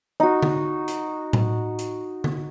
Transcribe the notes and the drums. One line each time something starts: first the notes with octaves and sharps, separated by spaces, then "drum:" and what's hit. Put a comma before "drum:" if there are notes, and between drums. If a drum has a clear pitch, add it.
D#4 F#4
drum: tom D3
drum: hi-hat
drum: tom A2
drum: hi-hat
drum: tom D3